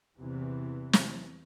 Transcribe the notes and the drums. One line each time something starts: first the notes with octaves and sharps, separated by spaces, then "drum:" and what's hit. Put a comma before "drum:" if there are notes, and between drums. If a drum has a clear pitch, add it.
E2 C3 E3
drum: snare